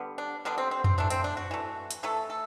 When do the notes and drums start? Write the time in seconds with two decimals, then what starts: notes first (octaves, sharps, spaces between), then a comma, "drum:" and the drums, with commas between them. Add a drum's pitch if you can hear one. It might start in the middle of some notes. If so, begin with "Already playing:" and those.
Already playing: D3 G3 B3
0.18 D4
0.45 D3 G3 B3 D4
0.58 C4
0.71 C4
0.84 C4, drum: tom F2
0.98 E3 A3 D4
1.10 C4, drum: hi-hat
1.24 D4
1.37 F#4
1.51 E3 A3
1.91 drum: hi-hat
2.03 E3 A3 A4
2.30 A4